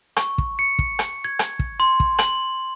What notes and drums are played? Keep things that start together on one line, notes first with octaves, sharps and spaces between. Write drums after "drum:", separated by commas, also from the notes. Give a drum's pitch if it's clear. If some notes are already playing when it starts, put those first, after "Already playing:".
C#6, drum: rim click
drum: kick
C#7
drum: kick
drum: rim click
G#6
drum: rim click
drum: kick
C6
drum: kick
F#7, drum: rim click